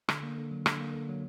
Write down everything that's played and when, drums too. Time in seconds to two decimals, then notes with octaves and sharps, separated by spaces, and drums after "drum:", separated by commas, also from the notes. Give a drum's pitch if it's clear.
0.09 D3, drum: rim click
0.23 A#3
0.38 D3
0.51 F#3
0.66 D3, drum: rim click
0.81 A#3
0.94 D3
1.09 F#3